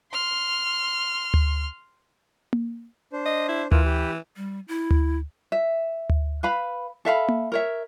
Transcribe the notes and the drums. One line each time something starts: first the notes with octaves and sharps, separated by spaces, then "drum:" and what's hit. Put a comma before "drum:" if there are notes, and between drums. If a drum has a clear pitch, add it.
C6 F6
drum: tom D2
drum: tom A#3
D4 C5
D#5
E4
E3 F4 A#4, drum: tom D2
G4 B4 G5
G3
E4
drum: tom D2
E5
drum: tom D2
B4 F5 B5
A4 E5 F5 B5
drum: tom A#3
A#4 C#5 E5